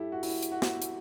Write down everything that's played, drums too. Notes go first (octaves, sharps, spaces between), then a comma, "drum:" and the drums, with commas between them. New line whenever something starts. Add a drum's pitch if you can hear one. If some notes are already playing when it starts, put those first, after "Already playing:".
Already playing: G2 E4 G4 A4
F#4
E4, drum: open hi-hat
drum: hi-hat
F#4
drum: snare
drum: hi-hat